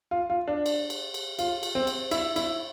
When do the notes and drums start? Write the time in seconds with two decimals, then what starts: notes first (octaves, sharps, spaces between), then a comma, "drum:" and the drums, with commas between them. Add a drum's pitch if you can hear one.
0.11 F4
0.30 F4
0.48 D4
0.66 drum: cymbal
0.90 drum: cymbal
1.14 drum: cymbal
1.39 F4, drum: cymbal
1.63 drum: cymbal
1.75 C4
1.87 drum: cymbal
2.11 E4, drum: cymbal
2.36 E4, drum: cymbal